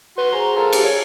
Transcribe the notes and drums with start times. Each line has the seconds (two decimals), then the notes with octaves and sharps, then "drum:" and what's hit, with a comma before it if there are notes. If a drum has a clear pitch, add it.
0.18 F#4 B4 C6
0.33 G#4 C5 G#5 A#5
0.56 F4 A4 A#4
0.73 G4, drum: cymbal
0.84 C#5